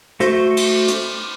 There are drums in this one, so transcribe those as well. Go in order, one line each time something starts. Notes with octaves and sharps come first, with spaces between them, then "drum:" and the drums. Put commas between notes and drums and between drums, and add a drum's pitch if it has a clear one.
A3 F#4 C5, drum: hi-hat
drum: cymbal
drum: hi-hat